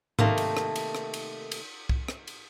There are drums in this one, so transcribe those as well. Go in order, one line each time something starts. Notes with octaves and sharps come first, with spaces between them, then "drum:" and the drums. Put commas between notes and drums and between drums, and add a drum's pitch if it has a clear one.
C3 D#3 A3 A#3, drum: tom G#2
drum: cymbal
drum: rim click
drum: cymbal
drum: rim click
drum: cymbal
drum: cymbal
drum: kick C2
drum: rim click
drum: cymbal